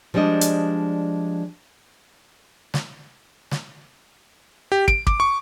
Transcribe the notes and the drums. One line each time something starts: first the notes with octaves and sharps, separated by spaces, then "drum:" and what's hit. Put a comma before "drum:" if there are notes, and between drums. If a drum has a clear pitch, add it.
F3 G3 G#3 D4 D#5
drum: hi-hat
drum: snare
drum: snare
G4
D7, drum: kick
D6, drum: kick
C#6